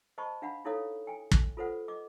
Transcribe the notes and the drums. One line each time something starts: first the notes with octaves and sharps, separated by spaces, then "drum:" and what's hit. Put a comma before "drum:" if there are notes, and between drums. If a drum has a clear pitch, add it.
C5 D#5 A5 B5 C#6
D4 F5 F#5 B5
D#4 E4 A4 C#5 F5 D#6
G5 G#5
drum: kick
F4 A4 B4 C5 F#5
D#5 D6